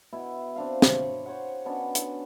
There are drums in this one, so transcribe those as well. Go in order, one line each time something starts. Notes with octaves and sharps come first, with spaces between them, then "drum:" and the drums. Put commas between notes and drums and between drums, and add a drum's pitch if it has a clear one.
B2 E4
C4 D4 F5
C#5, drum: snare
C5 C#5 F#5
B2 B3 C#4 D4
drum: hi-hat